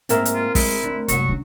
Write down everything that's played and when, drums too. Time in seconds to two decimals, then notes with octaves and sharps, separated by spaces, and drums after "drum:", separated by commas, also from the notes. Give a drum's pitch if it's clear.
0.09 G#2 A#3 C4 E4 A#4, drum: hi-hat
0.25 drum: hi-hat
0.35 F4
0.55 G#3 E4, drum: kick, open hi-hat
0.83 D2
1.08 F#1 C2 F#3 F#4 C#6, drum: hi-hat
1.29 C#4 D4